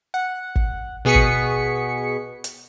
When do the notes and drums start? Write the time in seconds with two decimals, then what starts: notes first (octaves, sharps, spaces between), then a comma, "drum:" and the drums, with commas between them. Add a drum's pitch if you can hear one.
0.14 F#5
0.56 drum: kick
1.05 B2 B3 G#4 C#6 B6 C#7
1.15 drum: kick
2.44 drum: hi-hat